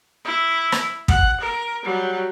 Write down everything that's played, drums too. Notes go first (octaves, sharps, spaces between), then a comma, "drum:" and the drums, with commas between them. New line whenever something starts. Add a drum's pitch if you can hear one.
E4
drum: rim click
F#5, drum: kick
A#4
F#3 G3